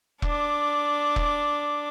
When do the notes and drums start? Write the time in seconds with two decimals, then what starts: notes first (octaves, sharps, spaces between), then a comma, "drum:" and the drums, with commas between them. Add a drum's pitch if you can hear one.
0.22 D4 D6, drum: kick E1
1.16 drum: kick E1